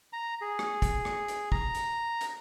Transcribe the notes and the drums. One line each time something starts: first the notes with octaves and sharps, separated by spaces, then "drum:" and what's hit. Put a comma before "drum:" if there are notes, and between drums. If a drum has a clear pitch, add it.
A#5
G#4
drum: rim click
drum: kick, hi-hat
drum: rim click
drum: hi-hat
A#5, drum: kick
drum: hi-hat
drum: hi-hat